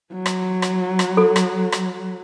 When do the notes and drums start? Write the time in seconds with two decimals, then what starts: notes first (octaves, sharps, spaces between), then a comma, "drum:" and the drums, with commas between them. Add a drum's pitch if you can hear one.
0.13 F#3
0.26 drum: rim click
0.62 drum: rim click
0.99 drum: rim click
1.17 A4
1.36 drum: rim click
1.72 drum: rim click